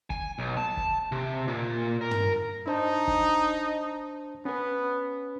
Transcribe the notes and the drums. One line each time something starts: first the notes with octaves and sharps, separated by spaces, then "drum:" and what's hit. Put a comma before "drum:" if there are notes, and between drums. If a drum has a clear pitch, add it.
G#5, drum: kick
B1
A5
drum: kick
C3
A#2
A#4
drum: tom
D4 D#4 C5 A5
drum: kick
B3 C#4 B4